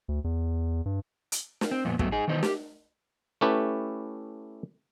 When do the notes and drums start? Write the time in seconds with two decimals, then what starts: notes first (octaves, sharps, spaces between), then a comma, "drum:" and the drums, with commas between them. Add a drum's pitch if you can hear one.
0.08 D2
0.24 E2
0.85 G2
1.32 drum: hi-hat
1.61 drum: snare
1.71 C4
1.85 F2 A#2 B3
1.99 G2 F#3 A3 B3, drum: kick
2.12 D#4 G#4
2.28 D#3 E3 B3 D#4 C5
2.43 G4, drum: snare
3.41 A3 C#4 E4 G4 A4 B4